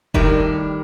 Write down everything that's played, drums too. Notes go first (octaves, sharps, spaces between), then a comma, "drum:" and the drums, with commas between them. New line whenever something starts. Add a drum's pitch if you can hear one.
A2 D#3 G3 D4 G4 A#4, drum: kick E1